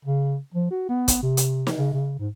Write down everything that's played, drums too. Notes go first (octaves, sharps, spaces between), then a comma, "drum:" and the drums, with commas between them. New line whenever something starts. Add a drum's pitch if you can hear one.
C#3
F3
F#4
B3
drum: kick, hi-hat
C3
drum: hi-hat
drum: snare
C#3
C#3
G#2